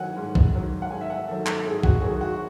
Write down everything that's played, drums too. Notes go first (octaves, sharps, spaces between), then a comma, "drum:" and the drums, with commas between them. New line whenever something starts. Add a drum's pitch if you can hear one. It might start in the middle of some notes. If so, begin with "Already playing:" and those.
Already playing: D#3 F#3 F#5 G#5
G#2
drum: kick
D#3 F#3
F#5
G#2 G#5
E5
F#5
D#3 F#3 A4
A4, drum: clap
G#2 G#4
F#4, drum: kick
D#3 F#3 G#4
F#4